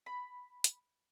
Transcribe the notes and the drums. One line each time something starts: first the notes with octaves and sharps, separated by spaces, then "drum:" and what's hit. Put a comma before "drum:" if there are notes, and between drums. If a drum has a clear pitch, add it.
B5
drum: hi-hat